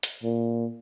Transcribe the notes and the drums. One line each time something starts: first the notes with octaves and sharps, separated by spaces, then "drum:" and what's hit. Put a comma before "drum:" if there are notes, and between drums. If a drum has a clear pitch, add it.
drum: hi-hat
A#2